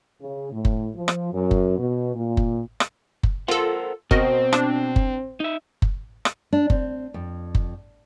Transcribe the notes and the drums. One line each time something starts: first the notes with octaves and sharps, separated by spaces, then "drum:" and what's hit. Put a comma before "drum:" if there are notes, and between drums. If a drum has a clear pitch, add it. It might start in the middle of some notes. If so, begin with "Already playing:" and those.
C#3
A2
drum: kick F#1
F3
drum: rim click
F#2
drum: kick F#1
B2
A#2
drum: kick F#1
drum: rim click
drum: kick F#1
F4 A4 A#4 C5 F#5
B2 C4 F#4 A#4 D#5, drum: kick F#1
D4, drum: rim click
drum: kick F#1
D#4 E5
drum: kick F#1
drum: rim click
D4
C4, drum: kick F#1
F2
drum: kick F#1